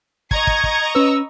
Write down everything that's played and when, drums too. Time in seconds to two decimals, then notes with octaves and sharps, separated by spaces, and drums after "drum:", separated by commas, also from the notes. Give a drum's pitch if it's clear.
0.31 D#5 A#5 C#6 G#6, drum: kick
0.47 drum: kick
0.64 drum: kick
0.95 C#4 B4 E6